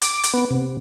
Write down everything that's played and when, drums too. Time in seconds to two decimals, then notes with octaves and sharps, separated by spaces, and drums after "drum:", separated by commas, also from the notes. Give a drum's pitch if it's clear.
0.02 D6, drum: hi-hat
0.23 drum: hi-hat
0.34 B3
0.51 C3